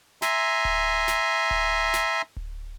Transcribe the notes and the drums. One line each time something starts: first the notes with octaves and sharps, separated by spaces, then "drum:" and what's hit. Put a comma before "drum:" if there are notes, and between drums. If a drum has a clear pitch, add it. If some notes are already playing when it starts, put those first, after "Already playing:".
E5 G#5 A#5 C6, drum: snare
drum: kick D1
drum: snare
drum: kick D1
drum: snare
drum: kick D1